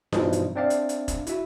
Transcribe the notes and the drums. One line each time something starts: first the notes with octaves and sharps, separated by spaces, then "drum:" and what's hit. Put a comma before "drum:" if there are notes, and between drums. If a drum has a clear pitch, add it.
G2 B2 E3 F3 G3 D#4, drum: snare E4
drum: hi-hat
C4 D4 D5 E5 F5
drum: hi-hat
drum: hi-hat
drum: kick F1, hi-hat
E4 F#4 E5, drum: hi-hat